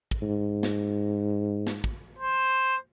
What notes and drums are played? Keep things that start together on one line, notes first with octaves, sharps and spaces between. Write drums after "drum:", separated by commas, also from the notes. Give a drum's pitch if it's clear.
drum: kick
G#2
drum: snare
drum: snare
drum: kick
C5